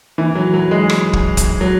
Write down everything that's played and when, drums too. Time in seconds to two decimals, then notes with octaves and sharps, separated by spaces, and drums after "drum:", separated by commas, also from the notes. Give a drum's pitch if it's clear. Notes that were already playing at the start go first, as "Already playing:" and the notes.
0.18 E3
0.35 F#3
0.54 F#3
0.71 G#3
0.90 drum: rim click
1.13 drum: kick
1.37 drum: kick, hi-hat
1.61 F#3